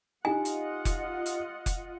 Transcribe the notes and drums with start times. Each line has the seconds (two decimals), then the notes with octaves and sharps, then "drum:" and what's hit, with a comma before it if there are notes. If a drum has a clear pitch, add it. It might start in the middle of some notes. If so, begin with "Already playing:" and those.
0.25 D#4 F4 G4 D#5 F#5 G#5
0.45 drum: hi-hat
0.85 drum: kick F1, hi-hat
1.26 drum: hi-hat
1.66 drum: kick F1, hi-hat